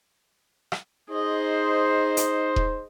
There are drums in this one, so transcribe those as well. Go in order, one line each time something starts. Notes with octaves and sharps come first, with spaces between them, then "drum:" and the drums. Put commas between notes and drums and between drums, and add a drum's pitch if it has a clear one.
drum: rim click
D#4 G#4 C5 D#5
drum: hi-hat
drum: kick E1